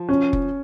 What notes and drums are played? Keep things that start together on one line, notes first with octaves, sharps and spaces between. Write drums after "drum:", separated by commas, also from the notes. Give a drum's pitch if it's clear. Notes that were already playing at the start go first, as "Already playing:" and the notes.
Already playing: F3
C#4
drum: kick F1